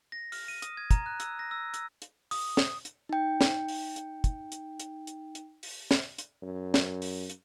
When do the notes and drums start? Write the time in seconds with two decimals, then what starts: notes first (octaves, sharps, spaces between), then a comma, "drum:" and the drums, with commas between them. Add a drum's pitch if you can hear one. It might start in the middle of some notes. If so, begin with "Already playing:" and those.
0.12 A#6
0.32 F6, drum: open hi-hat
0.48 D#7
0.62 D#6, drum: hi-hat
0.77 G#6
0.91 A#5, drum: kick, hi-hat
1.06 F#6
1.20 E6, drum: hi-hat
1.39 A#6
1.51 E6
1.74 E6, drum: hi-hat
2.02 drum: hi-hat
2.31 D#6, drum: open hi-hat
2.57 drum: snare
2.85 drum: hi-hat
3.09 D#4 G5
3.41 drum: snare
3.68 drum: open hi-hat
3.96 drum: hi-hat
4.24 drum: kick, hi-hat
4.52 drum: hi-hat
4.80 drum: hi-hat
5.07 drum: hi-hat
5.35 drum: hi-hat
5.63 drum: open hi-hat
5.91 drum: snare
6.18 drum: hi-hat
6.42 F#2
6.74 drum: snare
7.02 drum: open hi-hat
7.30 drum: hi-hat